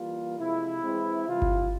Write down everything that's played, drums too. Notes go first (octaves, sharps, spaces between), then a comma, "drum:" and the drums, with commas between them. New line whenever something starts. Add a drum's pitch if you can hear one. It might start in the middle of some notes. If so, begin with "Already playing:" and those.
Already playing: E3 G3 A#3 F4
C3 F3 G#3 E4
E3 G#3 C4
C3 E3 G3 F4
drum: kick G1